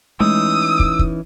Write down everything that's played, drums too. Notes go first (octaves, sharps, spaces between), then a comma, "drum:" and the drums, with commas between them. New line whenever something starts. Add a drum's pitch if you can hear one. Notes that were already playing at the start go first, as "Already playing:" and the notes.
E3 G#3 A3 C#4 D#4 D#6 E6
drum: kick
drum: kick